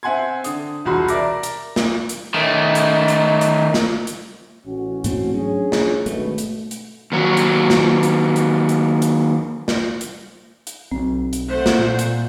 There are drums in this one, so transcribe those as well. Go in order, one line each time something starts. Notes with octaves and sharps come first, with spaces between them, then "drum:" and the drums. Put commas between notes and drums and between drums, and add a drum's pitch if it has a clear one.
C4 E5 F#5 G#5 C6 G#6
D3 D#6, drum: hi-hat
E1 C2 F#4 B5 C6
A#4 D5 E5 D6 A#6, drum: hi-hat
drum: hi-hat
drum: snare
drum: hi-hat
D#3 A3
drum: hi-hat
drum: hi-hat
drum: hi-hat
drum: snare
drum: hi-hat
A1 C#4 F#4
G#2 A3 C4, drum: hi-hat
F#3 C#4 D4 G#4 C#5
drum: snare
G#1 B2 A3, drum: hi-hat
drum: hi-hat
drum: hi-hat
D#2 F#3
drum: hi-hat
drum: snare
drum: hi-hat
drum: hi-hat
drum: hi-hat
drum: hi-hat
drum: snare
drum: hi-hat
drum: hi-hat
B1 C4
drum: hi-hat
A3 C5 F#5
drum: snare
A#2
drum: hi-hat